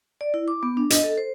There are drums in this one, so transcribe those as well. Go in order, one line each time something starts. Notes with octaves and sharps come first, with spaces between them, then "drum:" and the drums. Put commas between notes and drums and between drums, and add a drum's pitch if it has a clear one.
D5
E4
D6
B3
D4
D#5, drum: hi-hat
A4
C5